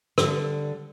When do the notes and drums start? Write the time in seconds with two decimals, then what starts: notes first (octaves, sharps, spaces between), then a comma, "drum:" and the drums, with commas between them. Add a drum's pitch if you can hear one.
0.18 D3 G3, drum: rim click